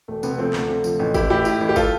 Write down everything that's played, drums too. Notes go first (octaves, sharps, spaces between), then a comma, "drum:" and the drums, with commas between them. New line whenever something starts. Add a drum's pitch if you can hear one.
E1 A3
C3 B3, drum: tambourine
F3 A3 C4
D2 A3, drum: clap
C3
F3, drum: tambourine
A1
A1 E4 G4, drum: kick, tambourine
A2 E4 G4
A2, drum: tambourine
A1
G4
F4 A4, drum: kick, tambourine